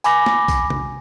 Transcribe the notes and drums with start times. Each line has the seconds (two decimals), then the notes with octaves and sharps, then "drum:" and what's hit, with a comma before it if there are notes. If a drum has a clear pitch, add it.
0.04 G#5 B5 D6 A#6, drum: tambourine
0.26 drum: snare
0.48 drum: kick A#1, tambourine
0.70 drum: tom